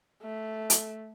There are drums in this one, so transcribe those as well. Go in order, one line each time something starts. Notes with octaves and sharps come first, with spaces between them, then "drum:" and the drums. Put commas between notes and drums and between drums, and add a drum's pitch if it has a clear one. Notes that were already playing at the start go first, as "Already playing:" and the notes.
A3
drum: hi-hat